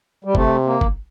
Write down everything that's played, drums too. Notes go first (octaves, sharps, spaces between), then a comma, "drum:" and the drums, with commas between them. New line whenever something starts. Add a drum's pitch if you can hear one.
G3
C3 A3, drum: kick
A#3
drum: kick